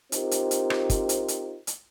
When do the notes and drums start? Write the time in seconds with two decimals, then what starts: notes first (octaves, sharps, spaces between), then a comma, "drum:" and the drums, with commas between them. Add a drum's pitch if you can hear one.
0.12 C4 D#4 F4 G4 A#4 C5, drum: hi-hat
0.31 drum: hi-hat
0.51 drum: hi-hat
0.70 drum: rim click
0.90 drum: kick, hi-hat
1.09 drum: hi-hat
1.28 drum: hi-hat
1.67 drum: hi-hat